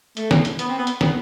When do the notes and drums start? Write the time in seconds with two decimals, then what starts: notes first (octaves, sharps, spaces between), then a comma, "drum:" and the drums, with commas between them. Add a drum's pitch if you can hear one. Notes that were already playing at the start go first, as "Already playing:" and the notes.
0.17 A3, drum: hi-hat
0.31 drum: snare
0.45 drum: hi-hat
0.59 B3, drum: hi-hat
0.68 C4
0.78 B3
0.87 drum: hi-hat
1.01 B3, drum: snare